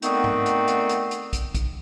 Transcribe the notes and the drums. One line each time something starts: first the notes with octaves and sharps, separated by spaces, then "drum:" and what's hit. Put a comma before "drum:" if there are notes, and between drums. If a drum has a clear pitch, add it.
D3 D#3 A3 B3 C4 D#4, drum: hi-hat
drum: tom G#2
drum: hi-hat
drum: hi-hat
drum: hi-hat
drum: hi-hat
drum: kick, hi-hat
drum: kick, hi-hat